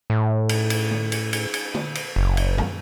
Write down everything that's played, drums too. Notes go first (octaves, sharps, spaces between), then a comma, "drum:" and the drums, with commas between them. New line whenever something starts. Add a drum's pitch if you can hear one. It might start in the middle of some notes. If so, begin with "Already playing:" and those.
A2
drum: cymbal
drum: cymbal
drum: tom
drum: cymbal
drum: cymbal
drum: cymbal
drum: tom
drum: cymbal
F#1
drum: cymbal
drum: tom